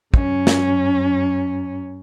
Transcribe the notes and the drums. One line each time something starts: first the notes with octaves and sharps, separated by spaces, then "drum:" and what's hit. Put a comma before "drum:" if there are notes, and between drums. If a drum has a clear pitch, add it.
F#2 C#4, drum: kick
drum: snare